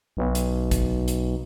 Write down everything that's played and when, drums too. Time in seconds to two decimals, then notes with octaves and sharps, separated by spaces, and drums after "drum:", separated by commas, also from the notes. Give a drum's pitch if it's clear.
0.17 B1
0.35 drum: hi-hat
0.71 drum: kick, hi-hat
1.08 drum: hi-hat